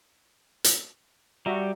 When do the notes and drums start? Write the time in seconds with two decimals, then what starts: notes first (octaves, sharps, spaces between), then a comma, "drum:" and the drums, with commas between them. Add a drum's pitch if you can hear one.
0.64 drum: hi-hat
1.46 G3 F#4 E5 A#5